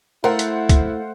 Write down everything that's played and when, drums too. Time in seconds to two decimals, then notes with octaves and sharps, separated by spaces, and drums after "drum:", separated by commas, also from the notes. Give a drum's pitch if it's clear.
0.24 A3 E4 A#4 C5 F5 F#5
0.39 drum: hi-hat
0.69 drum: kick, hi-hat